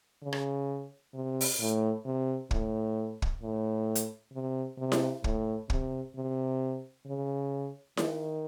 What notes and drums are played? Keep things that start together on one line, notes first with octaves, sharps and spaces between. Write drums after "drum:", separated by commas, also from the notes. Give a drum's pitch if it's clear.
C#3
drum: rim click
C3
drum: open hi-hat
A2
C3
A2, drum: kick
drum: kick
A2
drum: hi-hat
C3
C3
drum: snare E4
A2, drum: kick
C3, drum: kick
C3
C#3
D#3, drum: snare E4